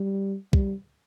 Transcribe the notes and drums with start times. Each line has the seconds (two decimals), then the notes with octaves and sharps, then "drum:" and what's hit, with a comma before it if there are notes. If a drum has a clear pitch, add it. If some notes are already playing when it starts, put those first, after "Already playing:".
Already playing: G3
0.53 G3, drum: kick